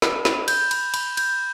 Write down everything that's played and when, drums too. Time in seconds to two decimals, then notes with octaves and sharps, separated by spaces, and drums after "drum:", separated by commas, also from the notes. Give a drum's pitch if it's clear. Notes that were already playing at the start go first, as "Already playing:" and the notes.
0.02 B5, drum: snare
0.25 B5, drum: snare
0.48 G6, drum: cymbal
0.71 B5, drum: cymbal
0.94 B5, drum: cymbal
1.17 G6, drum: cymbal